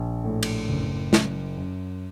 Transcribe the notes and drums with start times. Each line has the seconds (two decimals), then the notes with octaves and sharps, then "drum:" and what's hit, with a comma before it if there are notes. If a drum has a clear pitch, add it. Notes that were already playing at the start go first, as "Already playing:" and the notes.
Already playing: A#1
0.24 A2
0.43 drum: cymbal
0.68 F#1
1.13 F#2, drum: snare
1.57 F#2